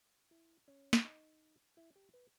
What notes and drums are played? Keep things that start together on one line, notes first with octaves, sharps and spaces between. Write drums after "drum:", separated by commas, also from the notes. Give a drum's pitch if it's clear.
E4
C#4
D4, drum: snare
D#4
E4
G4
B4